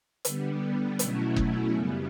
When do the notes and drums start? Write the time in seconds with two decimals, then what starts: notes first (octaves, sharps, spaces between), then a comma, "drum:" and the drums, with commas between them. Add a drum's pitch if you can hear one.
0.25 D3 G3 B3, drum: hi-hat
0.99 B2 F#3 A3 C#4 E4, drum: hi-hat
1.36 drum: kick F#1
1.74 F#2 C#3 G3 B3